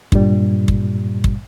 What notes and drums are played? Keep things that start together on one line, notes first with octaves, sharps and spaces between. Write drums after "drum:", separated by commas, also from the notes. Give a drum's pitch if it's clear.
G2 A#2 G3, drum: kick
drum: kick
drum: kick